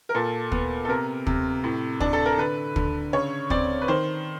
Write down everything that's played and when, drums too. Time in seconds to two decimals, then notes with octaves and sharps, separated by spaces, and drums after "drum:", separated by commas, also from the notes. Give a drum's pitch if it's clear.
0.09 A#4
0.14 A#2 A4
0.52 B3, drum: kick
0.85 A4
0.88 C3 A#4
1.27 C3, drum: kick
1.64 A2
2.00 D4, drum: kick
2.13 A4
2.26 A#4
2.38 D3 B4
2.76 D3, drum: kick
3.13 C#3 C#5
3.50 C4 D5, drum: kick
3.81 B4
3.88 D#3 C5